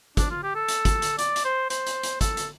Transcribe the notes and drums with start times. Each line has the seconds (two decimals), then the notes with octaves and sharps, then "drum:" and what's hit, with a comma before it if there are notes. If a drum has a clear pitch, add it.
0.17 D4, drum: kick, hi-hat
0.31 F4
0.43 G4
0.55 A4
0.68 drum: hi-hat
0.85 drum: kick, hi-hat
1.02 drum: hi-hat
1.18 D5, drum: hi-hat
1.36 drum: hi-hat
1.45 C5
1.70 C5, drum: hi-hat
1.86 drum: hi-hat
2.03 drum: hi-hat
2.21 A4, drum: kick, hi-hat
2.37 drum: hi-hat